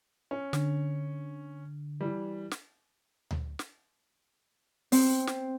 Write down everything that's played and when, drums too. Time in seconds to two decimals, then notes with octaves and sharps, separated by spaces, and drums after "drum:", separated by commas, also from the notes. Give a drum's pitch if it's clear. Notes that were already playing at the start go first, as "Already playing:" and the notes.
0.31 C#4
0.53 D3, drum: snare
2.01 E3 G3
2.51 drum: snare
3.31 drum: tom D2
3.59 drum: snare
4.92 C4, drum: open hi-hat
5.27 drum: snare